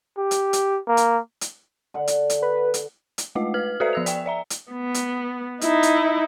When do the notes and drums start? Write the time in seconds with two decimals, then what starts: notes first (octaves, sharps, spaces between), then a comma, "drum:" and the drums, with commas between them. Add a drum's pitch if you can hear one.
0.18 G4
0.31 drum: hi-hat
0.53 drum: hi-hat
0.88 A#3
0.97 drum: hi-hat
1.41 drum: hi-hat
1.94 D3 F#5
2.07 drum: hi-hat
2.30 drum: hi-hat
2.42 B4
2.74 drum: hi-hat
3.18 drum: hi-hat
3.35 G#3 A3 F4 D#5
3.54 B4 F6 F#7
3.80 F#4 A4 B4 D5 E5 C7
3.93 F3 E6 F7
4.06 D5 G5, drum: hi-hat
4.26 D5 E5 A#5
4.50 drum: hi-hat
4.72 B3
4.94 drum: hi-hat
5.61 D#4 E4, drum: hi-hat
5.83 drum: hi-hat